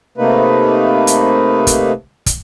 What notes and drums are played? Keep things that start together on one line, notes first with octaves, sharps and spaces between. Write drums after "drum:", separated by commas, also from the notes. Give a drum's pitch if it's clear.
C3 A3 A#3 D#4 B4
drum: hi-hat
drum: kick, hi-hat
drum: kick, hi-hat